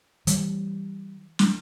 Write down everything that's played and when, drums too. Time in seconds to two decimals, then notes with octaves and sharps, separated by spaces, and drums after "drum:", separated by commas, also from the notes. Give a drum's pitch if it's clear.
0.27 E3 G3, drum: hi-hat
1.39 drum: snare